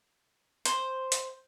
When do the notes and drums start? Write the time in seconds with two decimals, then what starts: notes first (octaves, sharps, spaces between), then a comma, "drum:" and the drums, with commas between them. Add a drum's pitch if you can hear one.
0.65 C5, drum: hi-hat
1.12 drum: hi-hat